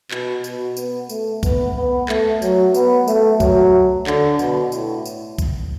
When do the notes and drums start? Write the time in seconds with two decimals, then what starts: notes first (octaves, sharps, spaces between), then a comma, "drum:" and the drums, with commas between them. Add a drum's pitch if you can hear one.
0.11 B2, drum: clap
0.44 B2, drum: tambourine
0.77 B3, drum: tambourine
1.09 A3, drum: tambourine
1.43 B3, drum: kick C2, tambourine
1.76 B3
2.09 A3, drum: clap
2.42 F#3, drum: tambourine
2.74 B3, drum: tambourine
3.08 A3, drum: tambourine
3.40 F#3, drum: kick C2, tambourine
4.07 D3, drum: clap
4.39 B2, drum: tambourine
4.72 A2, drum: tambourine
5.05 drum: tambourine
5.38 drum: kick C2, tambourine